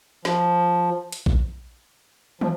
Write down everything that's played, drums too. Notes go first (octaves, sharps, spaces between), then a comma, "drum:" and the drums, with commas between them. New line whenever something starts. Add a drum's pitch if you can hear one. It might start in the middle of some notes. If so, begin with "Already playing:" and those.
F3, drum: snare
drum: hi-hat
drum: kick A#1
F3, drum: tom